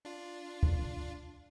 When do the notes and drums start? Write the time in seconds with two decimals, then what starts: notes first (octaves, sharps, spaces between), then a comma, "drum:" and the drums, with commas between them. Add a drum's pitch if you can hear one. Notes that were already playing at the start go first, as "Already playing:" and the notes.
0.05 D4 F4
0.63 drum: kick